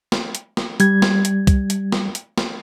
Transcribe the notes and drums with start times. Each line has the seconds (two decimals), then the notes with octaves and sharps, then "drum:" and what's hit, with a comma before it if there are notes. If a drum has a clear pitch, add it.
0.12 drum: snare
0.35 drum: hi-hat
0.57 drum: snare
0.80 G3 G#6, drum: hi-hat
1.02 drum: snare
1.25 drum: hi-hat
1.47 drum: kick C2, hi-hat
1.70 drum: hi-hat
1.92 drum: snare
2.15 drum: hi-hat
2.38 drum: snare